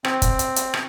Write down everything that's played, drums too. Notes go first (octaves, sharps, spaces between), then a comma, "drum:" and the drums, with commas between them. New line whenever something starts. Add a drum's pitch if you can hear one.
C4, drum: rim click
drum: kick, hi-hat
drum: hi-hat
drum: hi-hat
drum: rim click